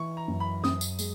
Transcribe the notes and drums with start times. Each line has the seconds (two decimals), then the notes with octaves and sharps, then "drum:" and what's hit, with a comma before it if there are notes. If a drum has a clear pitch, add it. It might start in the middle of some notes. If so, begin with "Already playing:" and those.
Already playing: E3 C#6
0.17 A#5
0.28 F#2
0.40 B5
0.64 F#2 D#6, drum: snare C4
0.81 drum: tambourine
0.99 G#3, drum: tambourine